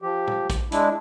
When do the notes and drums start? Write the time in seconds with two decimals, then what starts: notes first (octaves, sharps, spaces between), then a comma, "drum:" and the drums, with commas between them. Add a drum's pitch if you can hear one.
0.02 F3 G4
0.27 drum: tom
0.50 drum: kick, hi-hat
0.72 G#3 D4 E4, drum: hi-hat